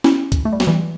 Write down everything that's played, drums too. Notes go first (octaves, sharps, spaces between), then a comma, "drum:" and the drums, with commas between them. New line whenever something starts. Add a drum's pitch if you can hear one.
C#4 E4, drum: snare
drum: kick, hi-hat
A3
G3
F#3, drum: snare
E3 G3